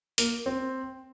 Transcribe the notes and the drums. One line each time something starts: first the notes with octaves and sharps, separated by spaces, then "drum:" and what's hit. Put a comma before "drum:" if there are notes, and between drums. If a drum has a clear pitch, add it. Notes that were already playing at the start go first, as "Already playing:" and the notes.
A#3, drum: hi-hat
C4